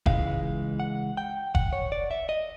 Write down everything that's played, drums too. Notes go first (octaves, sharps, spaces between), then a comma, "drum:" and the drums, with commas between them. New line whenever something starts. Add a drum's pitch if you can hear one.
C#2 C#3 E3 G#3 F5, drum: kick F1
F#5
G5
F#5, drum: kick F1
C#5
D5
E5
D#5